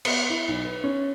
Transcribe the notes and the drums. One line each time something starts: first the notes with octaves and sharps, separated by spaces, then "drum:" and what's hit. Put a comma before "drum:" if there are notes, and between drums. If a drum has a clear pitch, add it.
B3, drum: cymbal
E4
B1
B4
C#4